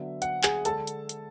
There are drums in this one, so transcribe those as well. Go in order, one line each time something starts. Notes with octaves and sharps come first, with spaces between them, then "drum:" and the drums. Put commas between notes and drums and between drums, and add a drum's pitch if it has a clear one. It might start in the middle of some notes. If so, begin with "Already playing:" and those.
Already playing: D3 F#3 B3 D4 E5
F#5, drum: hi-hat
G#4 G#5, drum: clap
D3 G#3 A4 A5, drum: hi-hat
drum: hi-hat
drum: hi-hat